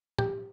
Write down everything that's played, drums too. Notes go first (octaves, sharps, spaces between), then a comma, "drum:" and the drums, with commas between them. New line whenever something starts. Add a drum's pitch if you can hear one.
G4, drum: tom